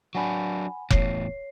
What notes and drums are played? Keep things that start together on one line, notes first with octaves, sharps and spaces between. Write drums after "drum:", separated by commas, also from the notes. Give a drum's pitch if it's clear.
F#3 D4 F#5 G#5 B5
E2 A2 C#5 C7, drum: kick F1